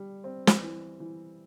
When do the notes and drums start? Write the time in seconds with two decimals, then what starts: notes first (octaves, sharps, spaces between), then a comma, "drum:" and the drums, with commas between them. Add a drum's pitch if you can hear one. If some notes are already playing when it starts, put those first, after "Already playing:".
Already playing: G3
0.24 C4
0.47 drum: snare
0.62 E3
1.00 E3